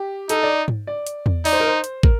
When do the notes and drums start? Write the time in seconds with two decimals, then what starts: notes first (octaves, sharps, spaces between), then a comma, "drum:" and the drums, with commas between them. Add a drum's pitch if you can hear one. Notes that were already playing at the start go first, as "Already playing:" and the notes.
Already playing: G4
0.29 D#4 A4, drum: hi-hat
0.43 D5
0.68 drum: tom G#2
0.87 D5
1.07 drum: hi-hat
1.26 drum: tom E2
1.45 D#4 D5, drum: open hi-hat
1.53 C5
1.60 A#4
1.67 C5
1.84 drum: hi-hat
2.03 A#4, drum: kick